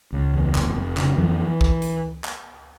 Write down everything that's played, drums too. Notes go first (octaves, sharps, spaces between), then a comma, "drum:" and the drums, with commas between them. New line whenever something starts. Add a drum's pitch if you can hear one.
C#2
E2
F1, drum: clap
F1
C#3, drum: clap
F2 E3
drum: kick
drum: hi-hat
drum: clap